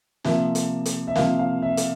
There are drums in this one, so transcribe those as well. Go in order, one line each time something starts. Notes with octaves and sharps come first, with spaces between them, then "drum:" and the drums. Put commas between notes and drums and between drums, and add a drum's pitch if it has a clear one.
C3 F3 A#3 E5, drum: snare
drum: hi-hat
drum: hi-hat
E5
C3 F3 A#3 F5, drum: snare
F5
E5
drum: hi-hat